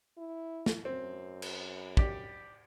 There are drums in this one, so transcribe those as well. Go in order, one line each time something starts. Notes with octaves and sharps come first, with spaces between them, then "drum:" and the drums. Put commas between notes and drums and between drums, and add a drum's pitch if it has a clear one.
E4
drum: snare
F#2 C4
drum: cymbal
G4 D5, drum: kick